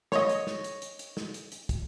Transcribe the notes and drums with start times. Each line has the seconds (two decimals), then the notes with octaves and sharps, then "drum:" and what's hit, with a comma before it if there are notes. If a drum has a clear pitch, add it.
0.12 C#5 D#5, drum: snare
0.29 drum: hi-hat
0.47 drum: snare
0.64 drum: hi-hat
0.82 drum: hi-hat
0.99 drum: hi-hat
1.17 drum: snare
1.34 drum: hi-hat
1.52 drum: hi-hat
1.69 drum: kick, hi-hat